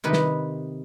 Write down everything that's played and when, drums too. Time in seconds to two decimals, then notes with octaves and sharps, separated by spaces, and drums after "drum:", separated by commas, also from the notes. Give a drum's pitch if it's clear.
0.04 C3 D#3 B4 D#5
0.13 drum: snare